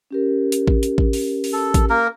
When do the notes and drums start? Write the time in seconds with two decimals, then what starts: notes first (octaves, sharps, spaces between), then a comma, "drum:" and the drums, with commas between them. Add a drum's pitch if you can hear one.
0.11 C#4 G4 A#4
0.52 drum: hi-hat
0.68 drum: kick A1
0.83 drum: hi-hat
0.98 drum: kick A1
1.13 drum: open hi-hat
1.44 drum: open hi-hat
1.53 A4
1.74 drum: kick A1, hi-hat
1.90 A#3 A#4